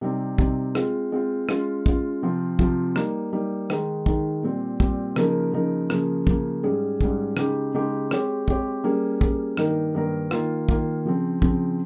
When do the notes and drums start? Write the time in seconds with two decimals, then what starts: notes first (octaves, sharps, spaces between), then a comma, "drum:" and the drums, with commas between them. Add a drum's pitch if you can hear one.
0.01 C3 G3 C4 D#4
0.38 C3 G3 C4 D#4, drum: kick
0.75 G#3 C4 F4, drum: rim click
1.12 G#3 C4 F4
1.49 G#3 C#4 F4, drum: rim click
1.86 G#3 C#4 F4, drum: kick
2.22 C3 F3 C4 F4
2.59 C3 F3 C4 F4, drum: kick
2.96 G3 A#3 D#4, drum: rim click
3.33 G3 A#3 D#4
3.70 D#3 G#3 D#4, drum: rim click
4.06 D#3 G#3 D#4, drum: kick
4.43 A#2 G3 C4
4.80 A#2 G3 C4, drum: kick
5.16 C#3 F3 A#3 D#4 A#4, drum: rim click
5.53 C#3 F3 A#3 D#4 A#4
5.90 C#3 F3 A#3, drum: rim click
6.27 C#3 F3 A#3, drum: kick
6.63 G#2 G3 C#4 G#4
7.01 G#2 G3 C#4 G#4, drum: kick
7.37 C#3 G#3 D#4 G4, drum: rim click
7.74 C#3 G#3 D#4 G4
8.11 G#3 C4 G4 C#5, drum: rim click
8.48 G#3 C4 G4 C#5, drum: kick
8.84 G3 A#3 C#4 G#4
9.21 G3 A#3 C#4 G#4, drum: kick
9.57 G2 D#3 A#3 D#4 A#4, drum: rim click
9.95 G2 D#3 A#3 D#4 A#4
10.31 D#3 A#3 F4, drum: rim click
10.69 D#3 A#3 F4, drum: kick
11.05 C#3 F3 C4
11.42 C#3 F3 C4, drum: kick